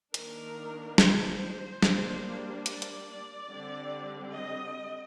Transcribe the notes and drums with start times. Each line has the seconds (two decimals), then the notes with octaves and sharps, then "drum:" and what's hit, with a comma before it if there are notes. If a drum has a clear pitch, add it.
0.14 D#3 A#3 D4 A#4, drum: hi-hat
0.98 C5, drum: snare
1.83 G3 A#3 D4, drum: snare
2.66 D5, drum: hi-hat
2.82 drum: hi-hat
3.49 D3 G3 C4
4.33 D#5